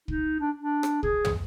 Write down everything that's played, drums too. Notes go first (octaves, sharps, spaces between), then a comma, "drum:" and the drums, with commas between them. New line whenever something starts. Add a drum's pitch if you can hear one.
D#4, drum: kick
D4
D4
drum: rim click
G#4, drum: kick
drum: tom